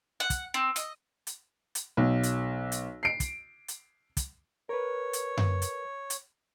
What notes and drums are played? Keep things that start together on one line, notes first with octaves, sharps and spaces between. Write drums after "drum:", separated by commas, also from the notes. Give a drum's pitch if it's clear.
F#5
drum: kick, hi-hat
C4
D#5, drum: hi-hat
drum: hi-hat
drum: hi-hat
B1
drum: hi-hat
drum: hi-hat
C7 D7
drum: kick, hi-hat
drum: hi-hat
drum: kick, hi-hat
A#4 B4 C#5
drum: hi-hat
drum: tom F#2
drum: hi-hat
drum: hi-hat